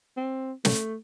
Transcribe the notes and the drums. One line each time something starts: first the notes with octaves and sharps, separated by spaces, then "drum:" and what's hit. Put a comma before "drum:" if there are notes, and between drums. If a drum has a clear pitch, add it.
C4
A3, drum: snare